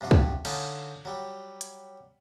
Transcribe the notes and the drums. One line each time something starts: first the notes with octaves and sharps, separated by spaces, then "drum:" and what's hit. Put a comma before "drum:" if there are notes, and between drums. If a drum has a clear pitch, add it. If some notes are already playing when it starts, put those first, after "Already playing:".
G2 C3 F3 F#4
drum: kick
D3 C#4 D#4 F4, drum: cymbal
F#3 G3
drum: hi-hat